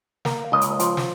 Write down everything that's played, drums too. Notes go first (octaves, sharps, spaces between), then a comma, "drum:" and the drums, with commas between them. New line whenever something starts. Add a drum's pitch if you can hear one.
A#3 F5, drum: snare
C#2 D#5
drum: hi-hat
F3, drum: hi-hat
drum: snare